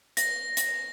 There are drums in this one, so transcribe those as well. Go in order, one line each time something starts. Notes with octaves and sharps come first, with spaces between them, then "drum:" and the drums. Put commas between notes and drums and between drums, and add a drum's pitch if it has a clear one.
A#6, drum: hi-hat
drum: hi-hat